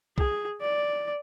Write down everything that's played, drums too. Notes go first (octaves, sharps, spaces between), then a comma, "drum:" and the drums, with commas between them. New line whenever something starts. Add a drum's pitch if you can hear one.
G#4, drum: kick B1
D5